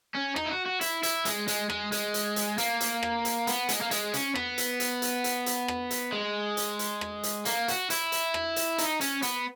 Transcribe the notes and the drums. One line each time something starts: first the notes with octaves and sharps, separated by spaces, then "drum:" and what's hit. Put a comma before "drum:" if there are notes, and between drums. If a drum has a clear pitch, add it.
C#4
D#4, drum: rim click
E4
F#4
F#4
E4, drum: hi-hat
E4, drum: hi-hat
G#3, drum: hi-hat
G#3, drum: hi-hat
G#3, drum: rim click
G#3, drum: hi-hat
drum: hi-hat
drum: hi-hat
A#3, drum: hi-hat
drum: hi-hat
drum: rim click
drum: hi-hat
B3, drum: hi-hat
G#3, drum: hi-hat
A#3
G#3, drum: hi-hat
C#4, drum: hi-hat
B3, drum: rim click
drum: hi-hat
drum: hi-hat
drum: hi-hat
drum: hi-hat
drum: hi-hat
drum: rim click
drum: hi-hat
G#3
drum: hi-hat
drum: hi-hat
drum: rim click
drum: hi-hat
A#3, drum: hi-hat
F#4, drum: hi-hat
E4, drum: hi-hat
drum: hi-hat
drum: rim click
drum: hi-hat
D#4, drum: hi-hat
C#4, drum: hi-hat
B3, drum: hi-hat